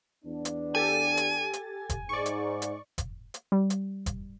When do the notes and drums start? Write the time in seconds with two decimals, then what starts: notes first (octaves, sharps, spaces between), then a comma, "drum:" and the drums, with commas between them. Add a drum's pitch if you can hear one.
0.25 E2 B3 D4
0.45 drum: hi-hat
0.75 G4 A4 G#5 A6
1.17 drum: hi-hat
1.53 drum: hi-hat
1.89 drum: kick F1, hi-hat
2.09 G#2 D5 C#6
2.26 drum: hi-hat
2.62 drum: hi-hat
2.98 drum: kick F1, hi-hat
3.34 drum: hi-hat
3.52 G3
3.70 drum: hi-hat
4.06 drum: kick F1, hi-hat